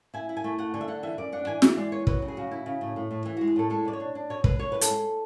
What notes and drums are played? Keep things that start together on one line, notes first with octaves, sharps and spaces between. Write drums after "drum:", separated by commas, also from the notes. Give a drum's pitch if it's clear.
E4 G#5
E4
G#5
A3
A3 F#5
D3 G#5
E5
D3 F#5
E3 E5
F#2 D5
D4 F#5
E3 G#5
E3 E5, drum: snare
E5
G#3 D5
B3 C#5
F#3 B4, drum: kick
C#3
G#4
C#3 F#4
E4
C#3
A2
A2
A2
E3 E4
F#4
G#3
G#4
A2 A4
G#3 A4
B2 D5
C#5
D4
D4
B2 C#5
G#3 B4, drum: kick
B2 C#5
E2 B4
A4, drum: hi-hat
G#3